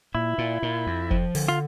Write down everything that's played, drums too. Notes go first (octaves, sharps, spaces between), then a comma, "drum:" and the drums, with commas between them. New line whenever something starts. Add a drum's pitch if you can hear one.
A#2 E4
A#2
A#2
F2
F3, drum: kick F1
D3, drum: open hi-hat
F4